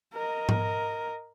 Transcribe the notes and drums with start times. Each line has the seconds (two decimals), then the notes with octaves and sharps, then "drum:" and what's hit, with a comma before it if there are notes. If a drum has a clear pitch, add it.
0.14 A#4 D#5
0.49 drum: tom G#2